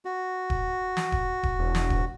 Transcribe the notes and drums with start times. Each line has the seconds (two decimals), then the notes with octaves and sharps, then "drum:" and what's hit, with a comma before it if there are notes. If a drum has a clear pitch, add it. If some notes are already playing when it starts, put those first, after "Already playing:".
0.05 F#4
0.50 drum: kick D#1
0.97 drum: snare
1.12 drum: kick D#1
1.43 drum: kick D#1
1.59 E1
1.75 drum: snare
1.90 drum: kick D#1